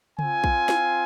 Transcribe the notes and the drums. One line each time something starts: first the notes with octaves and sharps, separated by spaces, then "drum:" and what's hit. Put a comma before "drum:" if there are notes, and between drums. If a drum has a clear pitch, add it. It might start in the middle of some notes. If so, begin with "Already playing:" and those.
C4 F4 G#5, drum: tom C#3
drum: kick
drum: snare